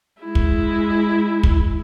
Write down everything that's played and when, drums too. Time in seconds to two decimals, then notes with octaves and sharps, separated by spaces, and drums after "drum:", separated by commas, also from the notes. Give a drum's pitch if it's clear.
0.22 G#3 E4
0.35 drum: kick
1.43 drum: kick